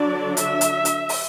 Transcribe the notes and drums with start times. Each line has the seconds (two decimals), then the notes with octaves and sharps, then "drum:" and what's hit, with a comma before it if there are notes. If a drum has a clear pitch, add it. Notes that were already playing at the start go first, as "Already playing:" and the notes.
Already playing: D3 F#3 D4 D5
0.37 E5, drum: hi-hat
0.61 drum: hi-hat
0.85 drum: hi-hat
1.09 drum: open hi-hat